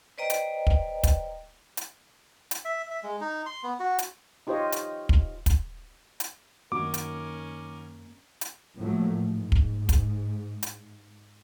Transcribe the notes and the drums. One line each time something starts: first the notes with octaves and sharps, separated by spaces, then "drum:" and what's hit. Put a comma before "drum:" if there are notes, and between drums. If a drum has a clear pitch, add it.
B4 C5 D5 D#5 G5 A#5
drum: hi-hat
drum: kick
drum: kick, hi-hat
drum: hi-hat
drum: hi-hat
E5
E5
G#3
D#4
C6
B3
F#4
drum: hi-hat
D#4 F4 G4 C5 C#5 D#5
drum: hi-hat
drum: kick
drum: kick, hi-hat
drum: hi-hat
F#2 D#3 A#3 C#4 D#4 F#4 A#4 D6
drum: hi-hat
drum: hi-hat
A2 F3 F#3 A3 A#3
G#2
drum: kick
drum: kick, hi-hat
drum: hi-hat